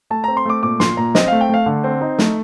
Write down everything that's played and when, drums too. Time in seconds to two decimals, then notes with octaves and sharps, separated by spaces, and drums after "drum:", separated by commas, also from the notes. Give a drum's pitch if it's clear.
0.10 A3 A5
0.24 C4 A#5
0.37 C6
0.46 A3 D6
0.63 A#2 D6
0.80 A#2 C6, drum: snare
0.97 A#2 A#5
1.15 C4 D#5, drum: snare
1.28 A3 F5
1.41 G5
1.49 A3 F5
1.66 D3
1.84 C4
2.01 D#4
2.18 A3, drum: snare